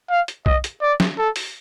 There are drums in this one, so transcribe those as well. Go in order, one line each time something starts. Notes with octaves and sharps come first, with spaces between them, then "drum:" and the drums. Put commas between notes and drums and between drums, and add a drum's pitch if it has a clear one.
F5
drum: hi-hat
D#5, drum: kick B1
drum: hi-hat
D5
drum: snare
A4
drum: open hi-hat